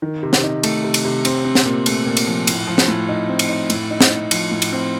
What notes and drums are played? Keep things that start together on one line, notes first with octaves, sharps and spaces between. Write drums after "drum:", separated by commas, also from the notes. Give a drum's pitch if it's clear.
D#3
C3
drum: snare
D#4
A3, drum: cymbal
C3
drum: cymbal
C3
C4, drum: cymbal
C4
drum: snare
A#2
A3, drum: cymbal
A#2
drum: cymbal
F3
A2, drum: cymbal
F3
drum: snare
A2
D#4
C4
drum: cymbal
D#4
A2, drum: cymbal
D#4
drum: snare
D#4
F3, drum: cymbal
A2
drum: cymbal
C4